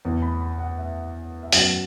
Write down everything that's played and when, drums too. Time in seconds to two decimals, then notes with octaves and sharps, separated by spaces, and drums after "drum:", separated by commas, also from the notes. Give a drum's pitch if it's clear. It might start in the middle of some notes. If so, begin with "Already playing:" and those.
0.05 E2 E3 B3
0.22 B5
0.41 B5
0.59 F#5
0.78 E5
1.43 E5
1.53 F#2 F#3 B3 F#5, drum: open hi-hat